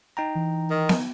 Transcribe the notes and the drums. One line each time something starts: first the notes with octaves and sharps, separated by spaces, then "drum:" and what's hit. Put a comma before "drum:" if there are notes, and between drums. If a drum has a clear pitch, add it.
D#4 G5 A#5
E3
D#3
drum: snare B3